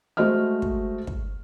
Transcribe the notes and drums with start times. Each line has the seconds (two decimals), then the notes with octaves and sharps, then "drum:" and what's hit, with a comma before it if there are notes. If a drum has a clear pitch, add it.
0.17 G#3 A3 F#4 C5 D#5 F6
0.62 drum: kick
1.07 drum: kick